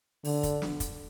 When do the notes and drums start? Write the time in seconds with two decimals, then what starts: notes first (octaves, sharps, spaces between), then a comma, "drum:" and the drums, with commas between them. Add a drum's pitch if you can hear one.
0.24 D3, drum: open hi-hat
0.43 drum: kick, hi-hat
0.62 drum: snare
0.80 drum: kick, hi-hat